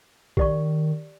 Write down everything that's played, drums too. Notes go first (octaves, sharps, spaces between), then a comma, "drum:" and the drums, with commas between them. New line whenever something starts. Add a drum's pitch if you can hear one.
D#3 G4 D5 C#6, drum: kick A#1